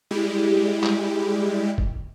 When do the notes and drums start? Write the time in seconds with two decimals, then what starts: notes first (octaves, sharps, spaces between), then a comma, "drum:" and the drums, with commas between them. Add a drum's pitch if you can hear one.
0.11 G3 G#3 E4 G4
0.84 drum: clap
1.78 drum: kick